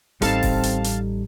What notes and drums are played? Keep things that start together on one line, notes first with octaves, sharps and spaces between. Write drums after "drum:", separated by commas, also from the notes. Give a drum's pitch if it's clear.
A1 G3 C4 D#4 A4 F5 A5, drum: hi-hat
drum: kick F1, open hi-hat
drum: hi-hat
drum: hi-hat